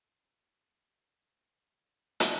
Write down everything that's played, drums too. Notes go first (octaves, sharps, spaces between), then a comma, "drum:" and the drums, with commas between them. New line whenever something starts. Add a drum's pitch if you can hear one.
B3 E4 F#4 C5
G4 G#4 A#4 C5 D5 F5
G4 G#4 A#4 C5 F5
G1 C#4 A4
drum: hi-hat